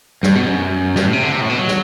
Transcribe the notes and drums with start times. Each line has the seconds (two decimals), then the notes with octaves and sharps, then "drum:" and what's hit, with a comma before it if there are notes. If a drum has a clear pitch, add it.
0.23 G2, drum: snare
0.35 B2
0.46 F#2
0.96 G2, drum: snare
1.05 A2
1.13 C3
1.23 D3
1.32 C3
1.41 A2
1.49 B2
1.58 F#3
1.68 drum: snare